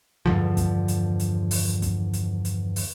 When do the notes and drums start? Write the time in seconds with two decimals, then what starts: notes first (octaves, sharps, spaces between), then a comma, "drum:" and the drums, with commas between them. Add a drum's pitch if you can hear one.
0.26 E2 G2 D3 F3
0.57 drum: kick, hi-hat
0.88 drum: hi-hat
1.19 drum: hi-hat
1.51 drum: open hi-hat
1.82 drum: kick, hi-hat
2.13 drum: hi-hat
2.45 drum: hi-hat
2.76 drum: open hi-hat